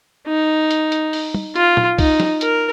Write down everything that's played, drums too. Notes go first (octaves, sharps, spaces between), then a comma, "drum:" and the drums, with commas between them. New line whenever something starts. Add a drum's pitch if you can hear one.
D#4
drum: hi-hat
drum: hi-hat
drum: open hi-hat
drum: tom
F4, drum: hi-hat
drum: tom A#2
D#4, drum: kick C2, open hi-hat
drum: snare
A#4, drum: hi-hat